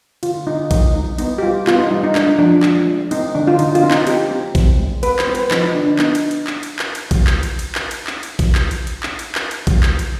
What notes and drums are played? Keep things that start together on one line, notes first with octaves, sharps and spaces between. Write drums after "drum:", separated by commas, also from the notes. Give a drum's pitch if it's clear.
D3 F4, drum: cymbal
D3 D#4
C4 D#4, drum: kick A#1, cymbal
G3 D#4
B3 D#4, drum: cymbal
G4
G3 F4
B3 F4, drum: clap
D#4
G3 D#4
D#4
G#3 D4, drum: clap
F3 D4
F3, drum: clap
G#3
C4 D#4, drum: cymbal
D3 D4
F4
D3 D#4, drum: cymbal
F4, drum: cymbal
C4
D#4, drum: clap
C4 G4, drum: cymbal
C4
C4, drum: kick A#1, cymbal
G#3
C4 B4, drum: cymbal
C5, drum: clap
C4
B4, drum: cymbal
F3 D#4, drum: clap
D#4
D3 D4
D4
B3 D#4, drum: clap
drum: cymbal
drum: cymbal
drum: clap
drum: cymbal
drum: clap
drum: cymbal
drum: kick A#1, cymbal
drum: clap
drum: cymbal
drum: cymbal
drum: clap
drum: cymbal
drum: clap
drum: cymbal
drum: kick A#1, cymbal
drum: clap
drum: cymbal
drum: cymbal
drum: clap
drum: cymbal
drum: clap
drum: cymbal
drum: kick A#1, cymbal
drum: clap
drum: cymbal